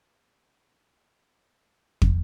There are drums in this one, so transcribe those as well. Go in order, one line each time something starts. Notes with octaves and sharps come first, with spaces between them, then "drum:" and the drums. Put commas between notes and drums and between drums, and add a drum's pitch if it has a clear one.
C4
B3
B3
A#3
E4
drum: kick